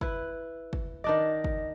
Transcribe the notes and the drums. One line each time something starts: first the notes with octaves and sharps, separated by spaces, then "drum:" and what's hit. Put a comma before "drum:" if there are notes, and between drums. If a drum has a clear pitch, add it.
E4 B4, drum: kick
drum: kick
D#3 D4 D5 D#5
drum: kick